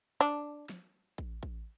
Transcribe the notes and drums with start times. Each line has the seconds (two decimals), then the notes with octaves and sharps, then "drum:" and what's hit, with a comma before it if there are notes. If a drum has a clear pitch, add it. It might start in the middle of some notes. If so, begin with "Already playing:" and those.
0.21 D4
0.69 drum: snare
1.18 drum: kick A1
1.43 drum: kick A1